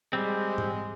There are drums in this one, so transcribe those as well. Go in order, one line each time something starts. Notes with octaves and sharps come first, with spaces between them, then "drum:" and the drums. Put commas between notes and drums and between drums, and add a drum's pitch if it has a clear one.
G3 G#3 C4
drum: tom G#2